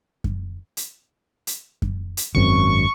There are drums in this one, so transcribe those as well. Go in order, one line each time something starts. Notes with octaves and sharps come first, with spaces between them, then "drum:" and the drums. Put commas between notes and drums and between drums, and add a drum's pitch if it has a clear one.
drum: kick F#2
drum: hi-hat
drum: hi-hat
drum: kick F#2
drum: hi-hat
G#1 F#2 C4 C#6, drum: kick F#2